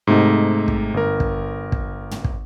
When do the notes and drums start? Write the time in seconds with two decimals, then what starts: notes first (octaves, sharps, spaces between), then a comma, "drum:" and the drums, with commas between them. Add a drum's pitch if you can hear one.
0.07 G#2 C3 A3 D#4
0.68 drum: kick
0.94 G1 A#4
1.20 drum: kick
1.72 drum: kick
2.11 drum: tom
2.24 drum: kick